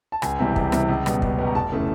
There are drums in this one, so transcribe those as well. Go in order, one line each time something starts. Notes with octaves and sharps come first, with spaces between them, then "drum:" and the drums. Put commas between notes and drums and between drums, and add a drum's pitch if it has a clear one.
A5
C#2 G#5, drum: rim click
C3 E3 G3
C#2, drum: kick
C3 E3 G3, drum: rim click
C#2
B2 G3 B3, drum: rim click
C#2, drum: kick
B2 G3 B3
A#5
F1 A5
C#3 E3 A3